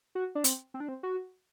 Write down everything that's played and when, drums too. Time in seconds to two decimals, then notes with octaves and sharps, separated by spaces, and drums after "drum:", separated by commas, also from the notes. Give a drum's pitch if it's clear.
0.15 F#4
0.35 D4
0.44 C4, drum: hi-hat
0.74 C4
0.80 D4
0.89 C4
1.03 F#4